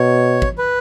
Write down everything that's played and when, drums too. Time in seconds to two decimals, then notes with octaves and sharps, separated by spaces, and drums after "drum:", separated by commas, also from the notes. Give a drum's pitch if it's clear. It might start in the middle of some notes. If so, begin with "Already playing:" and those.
Already playing: B2 C#5
0.42 drum: kick G#1
0.58 B4